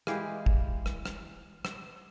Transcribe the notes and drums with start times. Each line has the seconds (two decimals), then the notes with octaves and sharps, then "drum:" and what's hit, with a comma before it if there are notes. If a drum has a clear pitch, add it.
0.07 E3 G#3 G4 F5, drum: rim click
0.46 drum: kick
0.86 drum: rim click
1.06 drum: rim click
1.65 drum: rim click